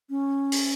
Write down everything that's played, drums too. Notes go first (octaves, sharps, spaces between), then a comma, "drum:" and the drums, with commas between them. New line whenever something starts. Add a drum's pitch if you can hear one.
C#4
drum: open hi-hat